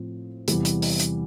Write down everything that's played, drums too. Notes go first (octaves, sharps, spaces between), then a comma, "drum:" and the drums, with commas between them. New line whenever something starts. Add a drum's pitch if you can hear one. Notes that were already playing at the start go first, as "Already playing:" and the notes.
Already playing: A2 F3 C4
E2 C3 E3 G3, drum: hi-hat
drum: hi-hat
drum: open hi-hat
drum: hi-hat